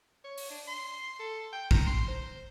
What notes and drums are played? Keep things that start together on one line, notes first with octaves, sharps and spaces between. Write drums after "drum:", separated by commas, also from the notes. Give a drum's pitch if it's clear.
C#5
drum: open hi-hat
D4
C6
A4
G5
A#5, drum: kick
C6
C5